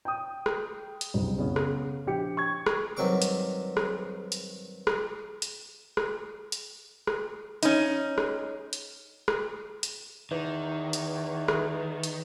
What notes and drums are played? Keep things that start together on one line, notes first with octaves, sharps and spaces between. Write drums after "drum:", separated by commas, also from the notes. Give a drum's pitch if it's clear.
G5 D#6
drum: rim click
drum: hi-hat
F#1 C2
C#3 B3 C#4
drum: rim click
A#1 G4 C#7
C#6 G#6
drum: rim click
G2 D#3 F#3 C4 C#6 D6
drum: hi-hat
drum: rim click
drum: hi-hat
drum: rim click
drum: hi-hat
drum: rim click
drum: hi-hat
drum: rim click
C#4 D#4, drum: hi-hat
drum: rim click
drum: hi-hat
drum: rim click
drum: hi-hat
E2 D#3
drum: hi-hat
drum: rim click
drum: hi-hat